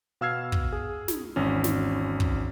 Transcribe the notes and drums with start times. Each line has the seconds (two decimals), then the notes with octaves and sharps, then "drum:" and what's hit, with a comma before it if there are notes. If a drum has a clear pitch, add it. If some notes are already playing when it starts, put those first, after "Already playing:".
0.21 B2 F5 E6 F6 G#6 C7
0.52 drum: kick
0.72 G#4
1.08 drum: snare
1.36 G#1 E2 C#4
1.64 drum: snare
2.20 drum: kick